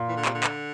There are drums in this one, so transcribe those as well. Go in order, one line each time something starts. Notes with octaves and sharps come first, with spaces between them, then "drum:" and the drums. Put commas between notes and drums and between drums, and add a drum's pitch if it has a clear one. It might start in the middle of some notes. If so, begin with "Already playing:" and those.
Already playing: A#2
E3
D3
C3, drum: clap
D3
drum: clap